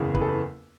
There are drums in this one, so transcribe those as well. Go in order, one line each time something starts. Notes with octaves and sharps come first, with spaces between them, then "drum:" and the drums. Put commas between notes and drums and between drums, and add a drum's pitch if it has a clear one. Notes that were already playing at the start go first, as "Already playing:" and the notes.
Already playing: F#1 E2 C#3 G#4
B4, drum: kick
A4
B4